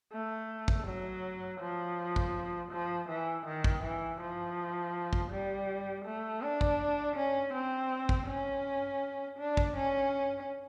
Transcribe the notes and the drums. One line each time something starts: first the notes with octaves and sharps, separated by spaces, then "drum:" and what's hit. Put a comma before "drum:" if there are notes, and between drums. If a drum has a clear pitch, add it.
A3
drum: kick
F#3
F3
drum: kick
F3
E3
D#3
drum: kick
E3
F3
drum: kick
G3
A3
D4
drum: kick
C#4
C4
drum: kick
C#4
D4
drum: kick
C#4